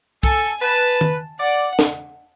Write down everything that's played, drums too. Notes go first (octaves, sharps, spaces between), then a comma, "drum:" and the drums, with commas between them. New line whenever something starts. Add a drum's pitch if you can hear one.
A4 G#5, drum: kick
B4 A5
drum: tom D#3
D5 F#5
drum: snare